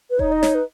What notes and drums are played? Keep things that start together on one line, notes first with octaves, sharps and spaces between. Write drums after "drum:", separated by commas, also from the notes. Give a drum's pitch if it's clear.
B4
D#4 C#5, drum: kick E1
D#5
C#5, drum: snare
B4